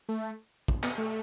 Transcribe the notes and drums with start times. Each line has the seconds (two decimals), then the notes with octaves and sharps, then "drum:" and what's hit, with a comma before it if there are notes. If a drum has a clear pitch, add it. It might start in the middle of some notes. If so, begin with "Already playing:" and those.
0.09 A3
0.68 drum: kick
0.83 B3, drum: clap
0.98 A3